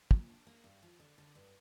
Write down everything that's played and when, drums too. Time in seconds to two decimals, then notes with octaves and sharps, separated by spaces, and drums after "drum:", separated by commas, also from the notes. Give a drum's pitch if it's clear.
0.11 A#2, drum: kick
0.30 D4
0.47 A#3
0.64 G2
0.83 F3
1.00 D3
1.18 D3
1.35 G2